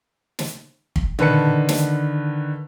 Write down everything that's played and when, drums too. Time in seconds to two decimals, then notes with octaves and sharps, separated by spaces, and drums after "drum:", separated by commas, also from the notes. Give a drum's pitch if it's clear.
0.39 drum: snare
0.96 drum: kick
1.19 D3 D#3 B4 A5 C#7, drum: tom A#2
1.69 drum: snare